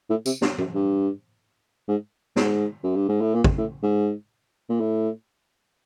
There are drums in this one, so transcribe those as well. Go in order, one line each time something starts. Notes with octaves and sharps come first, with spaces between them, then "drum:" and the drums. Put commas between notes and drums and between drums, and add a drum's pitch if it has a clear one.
A2
C3, drum: tambourine
G2, drum: snare
F#2, drum: tom G#2
G2
G#2
G#2, drum: snare
F#2
G2
G#2
A2
A#2
drum: kick
A2
G#2
A#2
A2